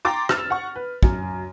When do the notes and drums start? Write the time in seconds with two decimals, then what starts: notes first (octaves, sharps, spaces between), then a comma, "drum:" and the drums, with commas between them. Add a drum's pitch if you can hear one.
0.05 G5 A#5 C6 D6 A6
0.29 E6 F6 A6, drum: rim click
0.50 F#5 C#6
0.75 B4
1.03 F#2, drum: kick